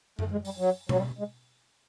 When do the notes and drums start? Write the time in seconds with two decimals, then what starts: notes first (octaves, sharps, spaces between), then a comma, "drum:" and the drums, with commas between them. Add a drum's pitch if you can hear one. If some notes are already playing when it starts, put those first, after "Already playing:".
0.19 A3, drum: tom F#2
0.32 G#3
0.45 G3, drum: open hi-hat
0.58 F#3
0.89 F#3, drum: tom B2
0.97 G3
1.19 G#3